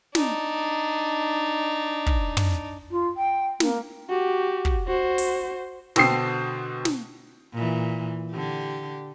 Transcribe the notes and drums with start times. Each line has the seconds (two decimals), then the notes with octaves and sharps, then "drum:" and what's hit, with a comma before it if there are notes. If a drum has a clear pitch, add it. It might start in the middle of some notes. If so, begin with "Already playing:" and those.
0.15 D4 D#4, drum: snare
2.06 drum: kick
2.37 drum: tom
2.91 F4
3.17 G5
3.60 A#3, drum: snare
4.10 F#4 G4
4.65 drum: kick
4.88 F#4 C5
5.18 drum: open hi-hat
5.96 B2 D3 C5 G5 D#6 C7, drum: snare
6.85 drum: snare
7.53 A#2 E3
8.32 D3 G4